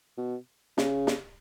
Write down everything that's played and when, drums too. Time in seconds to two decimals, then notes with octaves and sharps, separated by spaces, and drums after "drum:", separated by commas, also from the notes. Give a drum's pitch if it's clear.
0.18 B2
0.78 C#3, drum: snare
1.07 drum: snare